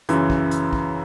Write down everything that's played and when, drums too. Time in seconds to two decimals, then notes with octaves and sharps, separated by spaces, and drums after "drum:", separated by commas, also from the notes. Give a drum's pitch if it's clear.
0.09 F#2 C#3 E3, drum: hi-hat
0.30 drum: kick
0.51 drum: hi-hat
0.73 drum: kick